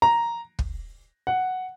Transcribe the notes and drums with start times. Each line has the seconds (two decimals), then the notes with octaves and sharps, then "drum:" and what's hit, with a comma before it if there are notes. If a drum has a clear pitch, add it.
0.02 A#5
0.59 drum: kick
1.27 F#5